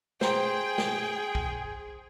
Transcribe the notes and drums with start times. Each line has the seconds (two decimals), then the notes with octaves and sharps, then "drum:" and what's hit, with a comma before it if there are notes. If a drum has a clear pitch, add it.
0.21 G#4 C5 G5 A#5 C6, drum: snare
0.78 drum: snare
1.35 drum: kick